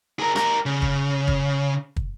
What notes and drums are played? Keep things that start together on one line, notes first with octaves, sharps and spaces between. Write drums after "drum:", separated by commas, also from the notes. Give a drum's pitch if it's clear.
G#4 A#4
G4 A#4, drum: rim click
C#3
drum: kick
drum: kick
drum: kick